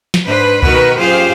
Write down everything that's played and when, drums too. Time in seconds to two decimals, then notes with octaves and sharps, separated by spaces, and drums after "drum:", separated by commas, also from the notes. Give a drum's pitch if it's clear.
0.14 drum: snare
0.25 G#2 D4 B4 C5
0.63 B2 D#3 F#4 A#4 B4, drum: kick C#2
0.99 F#2 F4 G4 G#4 C5 F5